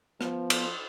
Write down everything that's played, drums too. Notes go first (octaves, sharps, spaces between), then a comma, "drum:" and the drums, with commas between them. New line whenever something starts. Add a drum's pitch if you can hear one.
F3 B3, drum: rim click
drum: cymbal